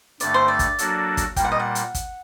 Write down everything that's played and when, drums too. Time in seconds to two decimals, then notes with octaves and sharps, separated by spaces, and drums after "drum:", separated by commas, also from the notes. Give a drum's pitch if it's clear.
0.20 G2 D3 A3 D5, drum: hi-hat
0.34 C5
0.48 D5
0.59 drum: kick, hi-hat
0.79 F#3 A#3 D4 F#4 A4, drum: hi-hat
1.17 drum: kick, hi-hat
1.36 A#2 G3 A#3 G5, drum: kick, hi-hat
1.44 F#5
1.52 D#5
1.59 F#5
1.75 drum: hi-hat
1.94 drum: kick, hi-hat